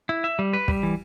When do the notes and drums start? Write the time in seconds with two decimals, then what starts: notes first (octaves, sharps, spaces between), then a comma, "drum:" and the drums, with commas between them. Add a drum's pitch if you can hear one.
0.09 E4
0.24 E5
0.39 G3
0.53 B4
0.68 G3, drum: kick
0.83 E3